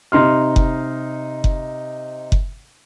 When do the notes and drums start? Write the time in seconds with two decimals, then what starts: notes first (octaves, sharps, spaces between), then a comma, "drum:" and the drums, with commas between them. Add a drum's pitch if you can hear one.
0.12 C3 D#4 C6 F6
0.56 drum: kick F#1
1.44 drum: kick F#1
2.32 drum: kick F#1